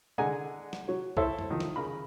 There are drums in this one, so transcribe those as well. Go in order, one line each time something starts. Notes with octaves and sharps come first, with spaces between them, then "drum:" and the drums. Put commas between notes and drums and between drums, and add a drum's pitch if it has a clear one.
D3 G#3 D#5 F#5 G#5 A#5
drum: snare
F#3 C#5
E4 A4 C5 C#5 E5, drum: kick B1
drum: tom F2
D#3 F3
drum: snare
C#3 A#4 B5